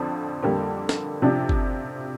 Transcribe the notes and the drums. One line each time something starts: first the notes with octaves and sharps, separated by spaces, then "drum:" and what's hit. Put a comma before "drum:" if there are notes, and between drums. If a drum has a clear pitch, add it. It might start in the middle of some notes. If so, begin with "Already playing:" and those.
Already playing: F2 D3 F3 C4
F2 D3 G3 A#3 G4
drum: snare
C3 F3 D4 G4
drum: kick G1